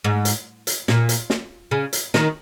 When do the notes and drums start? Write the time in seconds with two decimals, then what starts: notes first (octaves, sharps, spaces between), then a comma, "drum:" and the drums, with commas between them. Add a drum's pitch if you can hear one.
0.04 G#2
0.25 drum: hi-hat
0.67 drum: hi-hat
0.88 A#2, drum: snare
1.09 drum: hi-hat
1.30 drum: snare
1.71 C#3
1.93 drum: hi-hat
2.14 D#3, drum: snare